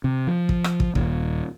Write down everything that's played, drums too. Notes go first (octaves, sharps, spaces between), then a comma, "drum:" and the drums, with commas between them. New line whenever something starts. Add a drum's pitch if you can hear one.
C3
F3
drum: kick
drum: rim click
drum: kick
D#1, drum: kick